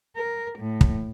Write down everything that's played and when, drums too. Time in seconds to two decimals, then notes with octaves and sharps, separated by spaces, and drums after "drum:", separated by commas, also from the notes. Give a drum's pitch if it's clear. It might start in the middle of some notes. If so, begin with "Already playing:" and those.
0.16 A#4
0.58 A2
0.81 drum: kick